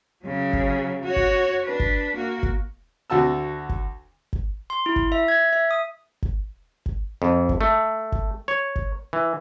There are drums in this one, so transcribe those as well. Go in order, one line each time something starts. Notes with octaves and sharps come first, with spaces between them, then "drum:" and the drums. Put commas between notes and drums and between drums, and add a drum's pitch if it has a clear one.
C#3 F#3
drum: kick G1
F#4 C#5
drum: kick G1
D4 B4
drum: kick G1
A#3 F#4
drum: kick G1
D2 F#4 A5 E6
drum: kick G1
drum: kick G1
C6
E4
drum: kick G1
E5
G#6
E5
D#6
drum: kick G1
drum: kick G1
F2
drum: kick G1
A3
drum: kick G1
C#5
drum: kick G1
E3